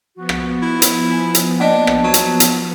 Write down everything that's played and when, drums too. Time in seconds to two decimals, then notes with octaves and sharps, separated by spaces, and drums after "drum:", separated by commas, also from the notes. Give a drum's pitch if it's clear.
0.16 F3 B3 F#4
0.29 drum: rim click
0.62 E4
0.82 drum: hi-hat
1.11 G#5
1.35 drum: hi-hat
1.60 A#3 D4 D5 D#5 A5
1.87 drum: rim click
2.03 F#3
2.14 drum: hi-hat
2.40 drum: hi-hat